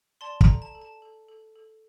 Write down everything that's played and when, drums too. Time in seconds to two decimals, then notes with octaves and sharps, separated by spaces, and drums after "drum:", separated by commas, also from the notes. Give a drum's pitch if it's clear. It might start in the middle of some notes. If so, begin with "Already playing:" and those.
0.21 D5 A5 C6
0.41 G5 A#5, drum: kick
0.47 A4
0.62 A5
0.75 A4
0.82 A5
1.02 A4
1.29 A4
1.56 A4